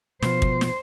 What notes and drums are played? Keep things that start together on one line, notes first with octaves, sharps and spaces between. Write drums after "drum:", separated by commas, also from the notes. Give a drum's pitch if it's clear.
B2 F3 C5, drum: snare
drum: kick
drum: snare